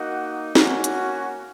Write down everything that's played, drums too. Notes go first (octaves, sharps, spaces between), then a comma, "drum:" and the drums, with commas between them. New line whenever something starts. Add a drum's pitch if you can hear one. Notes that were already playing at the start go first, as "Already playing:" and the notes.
Already playing: A#3 D#4 F#4 F#5
A#3 C#4 F#4, drum: snare
drum: hi-hat